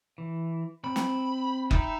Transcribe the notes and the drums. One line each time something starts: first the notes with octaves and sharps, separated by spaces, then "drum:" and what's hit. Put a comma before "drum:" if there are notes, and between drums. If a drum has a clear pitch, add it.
E3
C4 B5
drum: snare
D#4 E5 G5 B5, drum: kick F#1